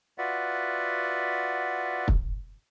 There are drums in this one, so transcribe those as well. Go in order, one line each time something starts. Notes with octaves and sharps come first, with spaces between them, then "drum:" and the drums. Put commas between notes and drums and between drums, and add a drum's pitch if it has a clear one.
F4 F#4 B4 D5 E5 F#5
drum: kick